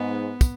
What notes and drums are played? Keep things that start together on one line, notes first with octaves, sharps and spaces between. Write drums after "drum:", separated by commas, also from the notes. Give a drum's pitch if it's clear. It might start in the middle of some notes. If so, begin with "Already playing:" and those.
Already playing: G#2 B3
drum: kick, tambourine